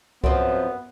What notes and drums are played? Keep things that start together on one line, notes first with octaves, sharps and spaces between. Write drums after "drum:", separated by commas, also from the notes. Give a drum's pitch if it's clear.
F#2 F3 B3 C4, drum: kick C2